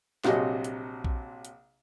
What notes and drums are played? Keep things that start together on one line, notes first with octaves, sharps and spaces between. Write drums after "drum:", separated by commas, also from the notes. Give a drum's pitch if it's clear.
A#1 C3 F#3 G#4 D#5, drum: snare
drum: hi-hat
drum: kick A#1
drum: hi-hat